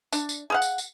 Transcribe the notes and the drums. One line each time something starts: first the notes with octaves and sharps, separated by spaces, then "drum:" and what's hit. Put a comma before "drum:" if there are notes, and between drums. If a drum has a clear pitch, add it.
D4, drum: tambourine
drum: tambourine
G#4 F5 F#5
drum: tambourine
drum: tambourine